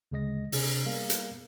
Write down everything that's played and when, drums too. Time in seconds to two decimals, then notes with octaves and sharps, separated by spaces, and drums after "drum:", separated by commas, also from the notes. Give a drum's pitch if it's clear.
0.11 D2 C#3 G#3 D#5 A#6
0.52 C3 C4 D4 G#4, drum: open hi-hat
0.86 G3 A#3 B3 G#4 A#4 F5
1.10 drum: hi-hat